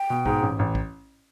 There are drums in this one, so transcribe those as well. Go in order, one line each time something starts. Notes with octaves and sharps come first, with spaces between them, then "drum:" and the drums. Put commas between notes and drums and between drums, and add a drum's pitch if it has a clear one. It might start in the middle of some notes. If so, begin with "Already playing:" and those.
Already playing: G5
B2
G#2, drum: kick
A1
A1
drum: kick